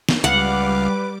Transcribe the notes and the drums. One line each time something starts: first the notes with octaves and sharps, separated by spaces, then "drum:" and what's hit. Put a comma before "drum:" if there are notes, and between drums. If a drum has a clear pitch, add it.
drum: snare
C#2 G3 B4 F5 F#5 D6, drum: hi-hat